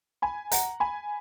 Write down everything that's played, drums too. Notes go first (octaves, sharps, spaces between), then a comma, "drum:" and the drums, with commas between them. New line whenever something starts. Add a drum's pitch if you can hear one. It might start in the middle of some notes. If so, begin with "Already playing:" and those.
G#5 B5
F#5 A#5, drum: hi-hat
G#5 B5